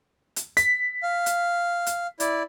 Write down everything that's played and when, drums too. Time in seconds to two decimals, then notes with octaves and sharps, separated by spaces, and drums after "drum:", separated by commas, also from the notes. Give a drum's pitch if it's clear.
0.36 drum: hi-hat
0.57 B6, drum: hi-hat
1.03 F5
1.26 drum: hi-hat
1.86 drum: hi-hat
2.20 E4 D5, drum: hi-hat